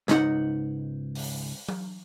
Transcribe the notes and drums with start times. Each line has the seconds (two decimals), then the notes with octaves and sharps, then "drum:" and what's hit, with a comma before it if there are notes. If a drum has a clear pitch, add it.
0.08 C#2 G#2 D#4 F#5, drum: snare
1.15 drum: open hi-hat
1.69 drum: tom F#3